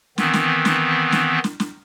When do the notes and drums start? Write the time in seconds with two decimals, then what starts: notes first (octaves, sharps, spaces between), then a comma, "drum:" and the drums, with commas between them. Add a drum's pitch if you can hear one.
0.18 D#3 E3 B3 C4, drum: snare
0.33 drum: snare
0.65 drum: snare
1.12 drum: snare
1.44 drum: snare
1.60 drum: snare